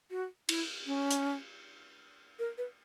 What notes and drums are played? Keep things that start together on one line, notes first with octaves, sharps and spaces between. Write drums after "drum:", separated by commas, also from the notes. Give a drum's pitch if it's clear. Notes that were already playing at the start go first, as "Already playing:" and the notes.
F#4
E4, drum: cymbal
C#4
drum: hi-hat
A#4
B4